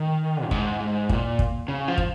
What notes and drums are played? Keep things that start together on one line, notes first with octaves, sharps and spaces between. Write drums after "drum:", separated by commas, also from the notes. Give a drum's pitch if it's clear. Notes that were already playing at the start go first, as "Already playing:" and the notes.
Already playing: D#3
F#2
G#2, drum: kick
G#2
A#2, drum: kick
drum: kick
C#3
F3
drum: kick